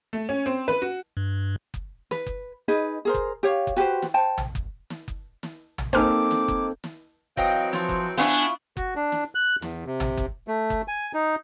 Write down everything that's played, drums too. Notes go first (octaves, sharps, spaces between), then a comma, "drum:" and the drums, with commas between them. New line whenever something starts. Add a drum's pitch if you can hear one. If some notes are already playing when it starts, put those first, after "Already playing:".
A3
C#4
C4
B4, drum: snare
F#4
G2
drum: kick F#1
B4, drum: snare
drum: kick F#1
D#4 G#4 B4 D#5
G#4 A#4 C5
drum: kick F#1
G4 C#5 F5
drum: kick F#1
F#4 G4 B4 C5
drum: snare
C5 G5 A5
drum: tom
drum: kick F#1
drum: snare
drum: kick F#1
drum: snare
drum: tom
A#3 C4 D#4 A4 C5 G#5 D6 F6, drum: kick F#1
drum: snare
drum: kick F#1
drum: snare
E3 F#3 C4 D#5 F5 G5 D#6, drum: kick F#1
F3 F4 C#5, drum: snare
drum: kick F#1
B3 D4 E4 F4 G#5 C#6
F#4, drum: kick F#1
D4
drum: snare
F#6
E2, drum: snare
C3
drum: tom
drum: kick F#1
A3
drum: kick F#1
G#5
D#4